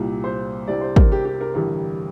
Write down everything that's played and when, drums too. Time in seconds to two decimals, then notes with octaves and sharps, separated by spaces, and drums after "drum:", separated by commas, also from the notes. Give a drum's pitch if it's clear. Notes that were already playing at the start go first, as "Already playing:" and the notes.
Already playing: C2 A#2 G3
0.24 C5
0.67 C2 C3 G3 D5
0.81 C5
0.96 A#4, drum: kick
1.12 G4
1.25 G4
1.41 A#4
1.55 A1 G2 D3 G3 A#4